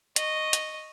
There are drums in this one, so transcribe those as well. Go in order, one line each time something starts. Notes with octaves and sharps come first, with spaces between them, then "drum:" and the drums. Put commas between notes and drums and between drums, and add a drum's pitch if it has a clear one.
D#5 C#6, drum: hi-hat
drum: hi-hat